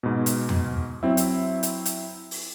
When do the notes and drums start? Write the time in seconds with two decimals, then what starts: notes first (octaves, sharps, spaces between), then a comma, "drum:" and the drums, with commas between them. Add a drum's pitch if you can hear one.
0.03 G#2 B2
0.26 drum: hi-hat
0.49 drum: tom E2
1.03 F#3 C4 E4 E5
1.17 drum: hi-hat
1.63 drum: hi-hat
1.85 drum: hi-hat
2.31 drum: open hi-hat